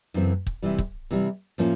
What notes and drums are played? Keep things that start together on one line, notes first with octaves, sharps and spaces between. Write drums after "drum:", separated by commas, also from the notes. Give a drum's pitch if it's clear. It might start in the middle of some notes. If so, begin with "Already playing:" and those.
F#2 C#3 E3 A3 C4
drum: kick
C3 E3 G3
drum: kick
C3 E3 G3
A2 F3 A#3 C#4